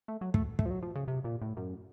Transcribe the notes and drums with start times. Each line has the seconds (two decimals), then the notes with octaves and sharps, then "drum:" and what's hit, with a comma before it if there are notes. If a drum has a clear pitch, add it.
0.08 A3
0.21 F#3
0.34 A3, drum: kick
0.59 A3, drum: kick
0.66 F3
0.71 F#3
0.83 F3
0.96 C#3
1.08 C3
1.24 A#2
1.42 A2
1.57 F#2